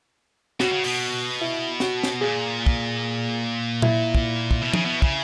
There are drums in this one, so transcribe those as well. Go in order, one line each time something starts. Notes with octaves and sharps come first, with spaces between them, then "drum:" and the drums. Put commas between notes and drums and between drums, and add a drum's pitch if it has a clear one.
B2 F#4, drum: snare
C#3
B2, drum: open hi-hat
E4
F#4, drum: snare
drum: snare
A#2 G#4
drum: kick
E4, drum: tom A#2
drum: kick
drum: kick
B2
C#3, drum: tom F3
B2
C#3, drum: kick